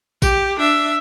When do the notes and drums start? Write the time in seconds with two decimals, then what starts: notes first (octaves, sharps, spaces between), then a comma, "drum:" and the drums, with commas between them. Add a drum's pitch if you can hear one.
0.22 G4, drum: kick A1, tambourine
0.59 D4 E5